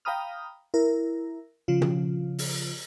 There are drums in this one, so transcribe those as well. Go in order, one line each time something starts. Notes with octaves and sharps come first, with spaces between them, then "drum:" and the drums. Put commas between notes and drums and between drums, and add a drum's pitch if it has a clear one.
F5 G5 A#5 B5 D#6 F6
E4 A#4
C#3 F3 F4
drum: tom
drum: open hi-hat